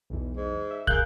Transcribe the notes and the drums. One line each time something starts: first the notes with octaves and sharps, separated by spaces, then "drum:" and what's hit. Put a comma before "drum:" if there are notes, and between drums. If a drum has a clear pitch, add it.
B1 E2
G#2
E5
G#4 A#4 F5 F#6 G6, drum: kick